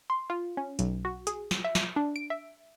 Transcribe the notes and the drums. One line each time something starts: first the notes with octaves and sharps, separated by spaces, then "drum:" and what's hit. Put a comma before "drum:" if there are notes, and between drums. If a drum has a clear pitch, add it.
C6
F4
C#4
B1, drum: hi-hat
F#4
G#4, drum: hi-hat
drum: snare
E5
drum: snare
D4
D7
E5